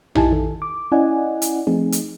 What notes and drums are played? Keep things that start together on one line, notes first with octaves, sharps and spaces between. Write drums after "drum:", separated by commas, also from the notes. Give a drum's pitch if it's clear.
D#4 E4 G4 G#5 A5, drum: tom A#1
D#3 A4
D6
C#4 E4 D5 D#5 F#5 G#5
drum: hi-hat
F3 A3 C4 D#4 G#4
drum: hi-hat